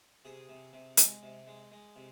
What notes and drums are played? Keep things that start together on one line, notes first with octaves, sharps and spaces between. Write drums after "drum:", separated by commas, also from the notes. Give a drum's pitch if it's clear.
C3 G#4
C3
C3
G#3, drum: hi-hat
C3
G#3
G#3
C3